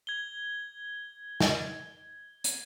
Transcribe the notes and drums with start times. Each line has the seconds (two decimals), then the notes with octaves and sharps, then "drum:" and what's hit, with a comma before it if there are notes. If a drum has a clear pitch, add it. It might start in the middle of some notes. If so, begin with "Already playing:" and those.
0.07 G#6 G7
1.40 drum: snare
2.44 drum: hi-hat